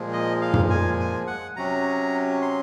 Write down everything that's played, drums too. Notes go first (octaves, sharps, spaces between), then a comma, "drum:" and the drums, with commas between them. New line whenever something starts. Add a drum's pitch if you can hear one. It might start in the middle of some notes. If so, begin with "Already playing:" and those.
Already playing: A#2 F3 G#3
D#5
F5
drum: tom
G#5
G#5
F#5
C3 F#3 C#4 A#5
C6